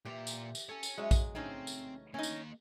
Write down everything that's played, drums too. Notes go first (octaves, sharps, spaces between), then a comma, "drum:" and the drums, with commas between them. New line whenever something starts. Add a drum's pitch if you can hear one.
A#2 E3 G4 G5 A#5
drum: tambourine
drum: tambourine
A4 C#5 G#5
drum: tambourine
F#3 G#3 D#4 E5
drum: kick A#1, tambourine
C#3 E3 A3 C4 C#4 D#4
drum: tambourine
A#3 C#4 D#4 D#5
drum: tambourine